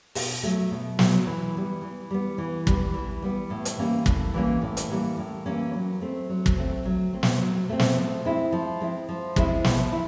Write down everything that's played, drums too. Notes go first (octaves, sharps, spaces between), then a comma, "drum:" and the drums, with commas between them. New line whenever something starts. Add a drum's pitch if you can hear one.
B2, drum: open hi-hat
F#3 A3
B2
F#3 A3, drum: snare
E3
G3 B3
E3
G3 B3
E3
G3 B3, drum: kick
E3
G3 B3
A2
drum: hi-hat
E3 G3 A#3 C#4
A2, drum: kick
E3 G3 A#3 C#4
A2
drum: hi-hat
E3 G3 A#3 C#4
A2
E3 G3 A#3 C#4
F#3
A3 C4
F#3
drum: kick
A3 C4
F#3
A3 C4
drum: snare
F#3
A3 C4
drum: snare
F3
G#3 C4 E4
F3
G#3 C4 E4
F3
G#3 C4 E4, drum: kick
F3, drum: snare
E4